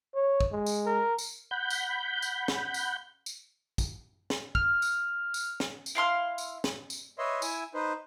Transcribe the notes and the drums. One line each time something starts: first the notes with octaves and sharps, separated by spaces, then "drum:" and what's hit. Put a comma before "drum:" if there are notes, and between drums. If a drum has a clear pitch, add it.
C#5
drum: kick
G#3
drum: tambourine
A#4
drum: tambourine
F#5 B5 G6
drum: tambourine
drum: tambourine
drum: snare
drum: tambourine
drum: tambourine
drum: kick, tambourine
drum: snare
F6, drum: kick
drum: tambourine
drum: tambourine
drum: snare
drum: tambourine
E4 F5 C6 F6
drum: tambourine
drum: snare
drum: tambourine
B4 C#5 D#5 E5 C6
E4 E5 G#5, drum: tambourine
D#4 B4 C5